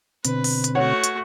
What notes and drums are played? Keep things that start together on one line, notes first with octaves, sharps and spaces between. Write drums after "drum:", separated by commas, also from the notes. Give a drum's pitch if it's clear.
B2 D3 C4 B4, drum: hi-hat
drum: open hi-hat
drum: hi-hat
A3 F#4 C#5 F#5
drum: hi-hat